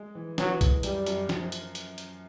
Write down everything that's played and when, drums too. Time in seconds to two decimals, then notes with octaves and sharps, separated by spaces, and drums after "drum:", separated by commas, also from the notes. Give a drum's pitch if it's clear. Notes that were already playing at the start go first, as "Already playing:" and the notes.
Already playing: G#3
0.15 E3
0.38 E3 F#3, drum: snare
0.61 G#3, drum: kick B1, hi-hat
0.83 F#2 G3, drum: hi-hat
1.06 F#2, drum: hi-hat
1.29 F3, drum: snare
1.52 drum: hi-hat
1.75 drum: hi-hat
1.98 drum: hi-hat